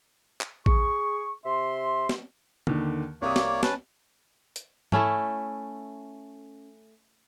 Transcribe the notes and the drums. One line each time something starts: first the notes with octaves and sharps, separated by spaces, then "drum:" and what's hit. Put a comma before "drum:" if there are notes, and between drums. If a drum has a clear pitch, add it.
drum: clap
G#4 C#6, drum: kick A1
C3 E5 C6
drum: snare
D#2 D3 D#3, drum: tom
C2 A#3 G4 C#5 D5 D#6
drum: snare
C#4 B4 A5, drum: snare
drum: hi-hat
A3 C#4 E4 A4, drum: tom G#2